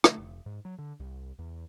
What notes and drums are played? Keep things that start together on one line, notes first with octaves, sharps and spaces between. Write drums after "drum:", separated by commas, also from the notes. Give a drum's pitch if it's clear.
A3, drum: rim click
F1
G#2
F#3
D3
C2
E2